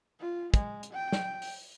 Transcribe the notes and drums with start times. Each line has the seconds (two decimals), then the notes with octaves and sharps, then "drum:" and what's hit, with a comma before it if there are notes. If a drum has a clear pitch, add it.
0.20 F4
0.54 G#3, drum: kick, hi-hat
0.83 drum: hi-hat
0.93 G5
1.12 drum: snare
1.42 drum: open hi-hat